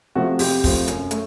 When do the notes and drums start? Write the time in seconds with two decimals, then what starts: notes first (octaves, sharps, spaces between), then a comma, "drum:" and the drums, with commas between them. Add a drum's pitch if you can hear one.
0.15 C3 F3 A3 F#4
0.39 F2 G4, drum: open hi-hat
0.64 C3 F3 A3, drum: kick, open hi-hat
0.88 F#2, drum: hi-hat
1.11 A3, drum: hi-hat